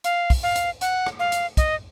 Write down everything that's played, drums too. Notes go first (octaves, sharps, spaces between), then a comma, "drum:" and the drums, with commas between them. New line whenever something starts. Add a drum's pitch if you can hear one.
F5, drum: hi-hat
drum: kick, open hi-hat
F5
drum: hi-hat
F#5, drum: hi-hat
drum: rim click
F5
drum: hi-hat
D#5, drum: kick, hi-hat